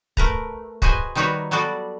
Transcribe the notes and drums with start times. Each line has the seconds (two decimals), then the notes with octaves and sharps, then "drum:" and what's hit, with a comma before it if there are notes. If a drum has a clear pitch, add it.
0.17 A3 A#4 B4 A#5, drum: kick
0.82 F#4 G#4 B4 C5 D#5 G#5, drum: kick
1.15 D#3 G3 D#4 F#4 B4 C#5
1.51 F#3 G3 B3 F#4 A4 D5